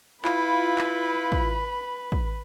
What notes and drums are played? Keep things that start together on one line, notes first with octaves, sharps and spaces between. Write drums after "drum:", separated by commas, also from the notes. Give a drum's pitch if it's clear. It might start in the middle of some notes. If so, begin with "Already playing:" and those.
E4 F4 B4 B5, drum: clap
drum: clap
drum: kick
drum: kick